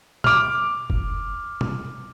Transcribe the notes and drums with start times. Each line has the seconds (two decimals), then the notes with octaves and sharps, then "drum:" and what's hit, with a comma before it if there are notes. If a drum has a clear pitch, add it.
0.24 D6 F6, drum: tom B2
0.90 drum: kick F#1
1.61 drum: tom